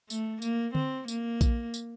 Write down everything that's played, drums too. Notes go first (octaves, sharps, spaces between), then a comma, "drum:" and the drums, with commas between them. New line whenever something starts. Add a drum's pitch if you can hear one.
A3, drum: tambourine
A#3, drum: tambourine
C4, drum: tom D3
A#3, drum: tambourine
drum: kick A#1, tambourine
drum: tambourine